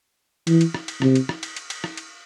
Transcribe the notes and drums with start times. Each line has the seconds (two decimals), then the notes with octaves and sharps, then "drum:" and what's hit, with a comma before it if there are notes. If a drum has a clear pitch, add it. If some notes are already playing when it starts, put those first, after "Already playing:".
0.47 E3, drum: cymbal
0.61 drum: cymbal
0.74 drum: rim click
0.88 drum: cymbal
1.02 C3, drum: rim click
1.15 drum: cymbal
1.29 drum: rim click
1.43 drum: cymbal
1.56 drum: cymbal
1.70 drum: cymbal
1.84 drum: rim click
1.97 drum: cymbal